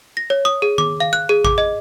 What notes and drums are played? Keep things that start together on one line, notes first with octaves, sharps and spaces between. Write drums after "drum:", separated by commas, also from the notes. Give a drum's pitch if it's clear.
A#6
C#5
D#6
G#4
D6, drum: tom D#3
F5
F#6
G#4
D6, drum: kick G#1
D#5